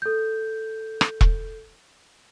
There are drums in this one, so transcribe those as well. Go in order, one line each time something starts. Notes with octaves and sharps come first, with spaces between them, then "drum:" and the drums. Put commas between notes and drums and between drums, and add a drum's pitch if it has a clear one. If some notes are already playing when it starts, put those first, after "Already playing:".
A4 G6
drum: rim click
drum: kick E1